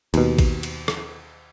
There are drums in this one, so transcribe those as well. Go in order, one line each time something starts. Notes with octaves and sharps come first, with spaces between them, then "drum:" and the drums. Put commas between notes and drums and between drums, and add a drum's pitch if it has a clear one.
D#2 B2, drum: cymbal
drum: kick A1, cymbal
drum: cymbal
drum: rim click